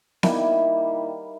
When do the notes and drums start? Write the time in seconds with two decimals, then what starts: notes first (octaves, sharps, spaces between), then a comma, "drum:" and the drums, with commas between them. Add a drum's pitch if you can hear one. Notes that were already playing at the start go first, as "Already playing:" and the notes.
0.23 D#3 G3 A#3 E4, drum: snare B3